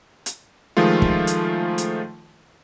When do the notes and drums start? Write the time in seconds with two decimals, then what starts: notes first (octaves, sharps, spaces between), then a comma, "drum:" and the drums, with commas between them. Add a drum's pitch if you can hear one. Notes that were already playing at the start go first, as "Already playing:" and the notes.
0.26 drum: hi-hat
0.77 D#3 F3 G#3 A3 F4
1.02 drum: kick
1.27 drum: hi-hat
1.78 drum: hi-hat